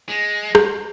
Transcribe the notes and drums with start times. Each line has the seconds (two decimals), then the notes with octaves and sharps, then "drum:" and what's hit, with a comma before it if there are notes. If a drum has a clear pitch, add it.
0.09 G#3
0.55 drum: rim click